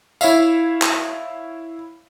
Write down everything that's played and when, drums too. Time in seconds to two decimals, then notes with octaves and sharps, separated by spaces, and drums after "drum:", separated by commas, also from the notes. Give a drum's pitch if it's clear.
0.21 E4 C#5 E5 F5, drum: tambourine
0.82 drum: clap